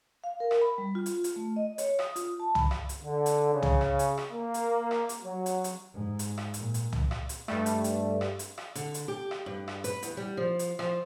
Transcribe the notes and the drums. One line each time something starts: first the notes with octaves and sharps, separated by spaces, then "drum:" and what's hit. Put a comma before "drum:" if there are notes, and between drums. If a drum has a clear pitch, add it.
F5
A#4
drum: rim click
B5
G3
F4
drum: hi-hat
drum: hi-hat
A3
D#5
C#5, drum: hi-hat
D#6, drum: rim click
F4, drum: hi-hat
A5
B5, drum: tom
drum: rim click
drum: hi-hat
D3
drum: hi-hat
C#3
drum: tom
drum: rim click
drum: hi-hat
drum: rim click
A#3
drum: hi-hat
drum: rim click
drum: hi-hat
F#3
drum: hi-hat
drum: hi-hat
G#2
drum: hi-hat
drum: rim click
A#2, drum: hi-hat
drum: hi-hat
drum: tom
drum: rim click
drum: hi-hat
G2 G3 A3, drum: rim click
drum: hi-hat
drum: hi-hat
drum: rim click
drum: hi-hat
drum: rim click
D3, drum: hi-hat
drum: hi-hat
G4
drum: rim click
G2
drum: rim click
B4, drum: hi-hat
E2, drum: hi-hat
G3
F3
drum: hi-hat
F3, drum: rim click